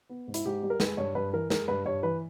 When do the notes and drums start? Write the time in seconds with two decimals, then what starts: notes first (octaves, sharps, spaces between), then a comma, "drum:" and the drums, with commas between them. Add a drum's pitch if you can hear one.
0.09 B3
0.28 G#2
0.34 E4, drum: hi-hat
0.46 G#2 G4
0.63 G3
0.70 A#4
0.80 G#3 B4, drum: snare
0.97 G2 C#5
1.15 G2 B4
1.33 E3 A#4
1.50 G#3 A#4, drum: snare
1.68 G2 B4
1.86 G2 C#5
2.03 E3 B4